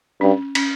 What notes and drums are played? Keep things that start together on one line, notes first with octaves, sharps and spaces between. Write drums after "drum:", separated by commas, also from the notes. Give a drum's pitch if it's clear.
G2 C#4
C#4, drum: cymbal